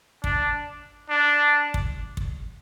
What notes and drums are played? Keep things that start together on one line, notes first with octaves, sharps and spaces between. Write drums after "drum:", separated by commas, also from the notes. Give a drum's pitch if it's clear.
D4, drum: kick
D4
drum: kick
drum: kick